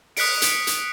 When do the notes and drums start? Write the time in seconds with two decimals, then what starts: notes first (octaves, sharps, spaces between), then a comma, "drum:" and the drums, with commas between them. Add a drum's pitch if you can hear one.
0.17 D#6 F#6 B6 C#7 D7, drum: open hi-hat
0.42 drum: hi-hat
0.67 drum: hi-hat